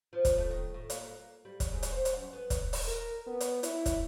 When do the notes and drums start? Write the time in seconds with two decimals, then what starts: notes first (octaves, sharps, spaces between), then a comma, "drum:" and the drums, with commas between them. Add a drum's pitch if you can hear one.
0.13 F3
0.25 drum: kick, hi-hat
0.38 A3
0.51 D#3
0.74 A2
0.90 A#3, drum: hi-hat
1.10 A#3
1.45 G3
1.60 drum: kick, hi-hat
1.72 G#2
1.83 drum: hi-hat
1.92 C5
2.05 drum: hi-hat
2.16 F#2
2.33 B3
2.50 drum: kick, hi-hat
2.73 drum: open hi-hat
2.87 A#4
3.27 B3
3.40 drum: hi-hat
3.63 E4, drum: hi-hat
3.86 drum: kick, hi-hat